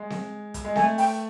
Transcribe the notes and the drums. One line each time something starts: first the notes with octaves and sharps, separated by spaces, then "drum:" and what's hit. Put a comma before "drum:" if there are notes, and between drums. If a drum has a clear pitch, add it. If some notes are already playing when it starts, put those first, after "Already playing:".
Already playing: G#3
drum: snare C4
drum: kick, hi-hat
G#3
A3 G#5, drum: snare C4
G5, drum: open hi-hat